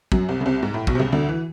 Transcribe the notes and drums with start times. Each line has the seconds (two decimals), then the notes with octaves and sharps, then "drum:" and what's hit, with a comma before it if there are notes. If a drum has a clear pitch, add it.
0.12 F#2 F#3, drum: kick
0.29 C2 C3
0.41 C#3
0.46 C2 C3
0.63 G#2
0.74 A2
0.87 B1 B2, drum: kick
0.95 C3
1.00 C#2 C#3
1.13 D2 D3
1.29 E3